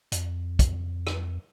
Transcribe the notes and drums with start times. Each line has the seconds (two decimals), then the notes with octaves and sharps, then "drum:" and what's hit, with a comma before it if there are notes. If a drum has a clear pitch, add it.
0.12 F2, drum: hi-hat
0.59 drum: kick, hi-hat
1.07 drum: rim click